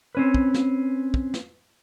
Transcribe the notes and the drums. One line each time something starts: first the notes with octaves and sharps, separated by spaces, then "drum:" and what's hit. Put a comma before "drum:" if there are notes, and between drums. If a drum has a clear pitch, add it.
C4 C#4 B4
drum: kick
drum: snare
drum: kick
drum: snare